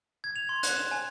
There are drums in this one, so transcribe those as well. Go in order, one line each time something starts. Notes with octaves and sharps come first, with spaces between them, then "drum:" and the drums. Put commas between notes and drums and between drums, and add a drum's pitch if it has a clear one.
G#6
F7
C6
F#6, drum: hi-hat
E7
G#5